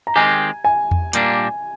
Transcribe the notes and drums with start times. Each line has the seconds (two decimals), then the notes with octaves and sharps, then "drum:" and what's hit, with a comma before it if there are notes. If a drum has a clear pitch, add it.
0.07 A#5
0.16 D#3 G#3 C4 G4 G#5
0.65 G#5
0.91 drum: tom E2
1.13 A#2 G3 A#3 D4, drum: hi-hat